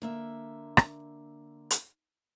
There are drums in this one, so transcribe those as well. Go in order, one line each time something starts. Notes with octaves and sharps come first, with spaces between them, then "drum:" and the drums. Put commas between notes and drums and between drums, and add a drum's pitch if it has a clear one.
D3 A#3 E5
drum: rim click
drum: hi-hat